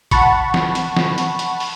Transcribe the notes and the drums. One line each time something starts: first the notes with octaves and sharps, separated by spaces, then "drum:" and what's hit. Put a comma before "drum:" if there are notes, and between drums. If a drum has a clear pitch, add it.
F#5 A5 B5 C#6, drum: kick A1, hi-hat
drum: snare
drum: hi-hat
drum: snare
drum: hi-hat
drum: hi-hat
drum: open hi-hat